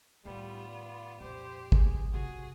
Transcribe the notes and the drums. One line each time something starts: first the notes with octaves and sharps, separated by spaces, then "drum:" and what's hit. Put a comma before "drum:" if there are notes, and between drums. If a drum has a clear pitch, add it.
A2 D#3 G3 B3 F4
D5
F2 A#2 G4 C5
D#3 G#4, drum: kick
C3 C#4 F#4 G#4